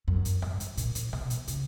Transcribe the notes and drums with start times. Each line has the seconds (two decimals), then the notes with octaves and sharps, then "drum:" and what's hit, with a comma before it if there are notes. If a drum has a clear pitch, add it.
0.08 F#2
0.25 drum: hi-hat
0.42 G#2, drum: rim click
0.60 drum: hi-hat
0.77 A#2, drum: hi-hat
0.95 drum: hi-hat
1.13 B2, drum: rim click
1.30 drum: hi-hat
1.47 C#3, drum: hi-hat